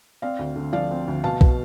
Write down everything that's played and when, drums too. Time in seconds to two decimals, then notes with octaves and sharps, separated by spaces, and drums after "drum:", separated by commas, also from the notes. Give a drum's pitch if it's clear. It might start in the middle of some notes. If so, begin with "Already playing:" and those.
0.22 C4 D5 F5
0.39 D2
0.56 D3
0.73 F3 D5 F5
0.91 C4
1.08 D2
1.24 B2 F5 A5
1.41 B2, drum: kick